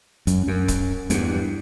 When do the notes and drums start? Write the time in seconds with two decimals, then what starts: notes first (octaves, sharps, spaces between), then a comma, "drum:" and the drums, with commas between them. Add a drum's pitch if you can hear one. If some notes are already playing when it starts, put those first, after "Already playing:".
0.27 F#2, drum: hi-hat
0.48 F#2
0.68 drum: kick, hi-hat
1.10 E2 G2, drum: hi-hat